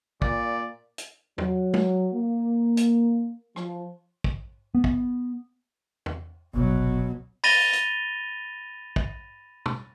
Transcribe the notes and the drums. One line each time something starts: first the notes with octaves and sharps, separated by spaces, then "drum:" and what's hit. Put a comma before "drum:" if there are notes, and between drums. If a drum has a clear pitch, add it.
A#2 D5, drum: kick
drum: hi-hat
F#3, drum: tom
drum: tom
A#3
drum: hi-hat
F3, drum: rim click
drum: kick
B3
drum: kick
drum: tom
G1 C2 B2 F#3
B5 A6 A#6 D#7 F7 G7, drum: open hi-hat
drum: hi-hat
drum: kick
drum: tom